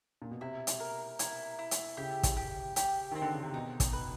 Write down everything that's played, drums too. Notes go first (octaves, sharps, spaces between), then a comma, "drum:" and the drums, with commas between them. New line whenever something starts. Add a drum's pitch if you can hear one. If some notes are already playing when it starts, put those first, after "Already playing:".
A#2
B2
C3 E4
drum: hi-hat
A#4
E4, drum: hi-hat
E4
drum: hi-hat
C#3 G4
drum: kick, hi-hat
G4
G4, drum: hi-hat
D#3 C4
D3
C#3
C3
B2 D#4
drum: kick, hi-hat
B4